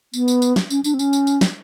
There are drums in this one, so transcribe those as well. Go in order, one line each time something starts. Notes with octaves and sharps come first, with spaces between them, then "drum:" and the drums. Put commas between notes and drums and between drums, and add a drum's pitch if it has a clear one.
B3, drum: tambourine
drum: tambourine
drum: tambourine
drum: snare
C#4, drum: tambourine
D4, drum: tambourine
C4
C#4, drum: tambourine
drum: tambourine
drum: tambourine
drum: snare